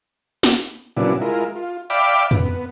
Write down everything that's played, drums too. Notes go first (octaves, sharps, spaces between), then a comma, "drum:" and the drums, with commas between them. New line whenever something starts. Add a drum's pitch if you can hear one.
drum: snare
A#2 C#3 F#3 B3 D4 E4
G#3 E4 F4 A#4
F4
D5 E5 F5 G5 B5 D6, drum: hi-hat
B3, drum: tom F2